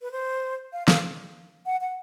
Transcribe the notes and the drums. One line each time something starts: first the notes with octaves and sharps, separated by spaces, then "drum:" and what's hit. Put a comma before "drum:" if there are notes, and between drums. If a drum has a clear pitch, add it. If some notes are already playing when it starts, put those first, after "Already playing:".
B4
C5
F5
F5, drum: snare
F#5
F#5